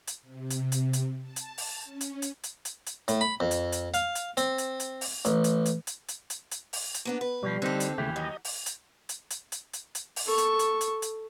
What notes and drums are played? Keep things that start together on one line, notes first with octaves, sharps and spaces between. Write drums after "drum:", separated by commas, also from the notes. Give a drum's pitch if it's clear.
drum: hi-hat
C3
drum: hi-hat
drum: hi-hat
drum: hi-hat
A5
drum: hi-hat
drum: open hi-hat
C#4
drum: hi-hat
drum: hi-hat
drum: hi-hat
drum: hi-hat
drum: hi-hat
A2, drum: hi-hat
B5
F2
drum: hi-hat
drum: hi-hat
F5, drum: hi-hat
drum: hi-hat
C4, drum: hi-hat
drum: hi-hat
drum: hi-hat
drum: open hi-hat
A1, drum: hi-hat
drum: hi-hat
drum: hi-hat
drum: hi-hat
drum: hi-hat
drum: hi-hat
drum: hi-hat
drum: open hi-hat
drum: hi-hat
A#3 B3 D4
B4
B2 F3 G3
D3 C4 D#4 G4 A4
drum: hi-hat
D#2 C#3 E3 A3 G4
F#3 D#5
drum: open hi-hat
drum: hi-hat
drum: hi-hat
drum: hi-hat
drum: hi-hat
drum: hi-hat
drum: hi-hat
drum: open hi-hat
A4 C#6
drum: hi-hat
drum: hi-hat
drum: hi-hat
drum: hi-hat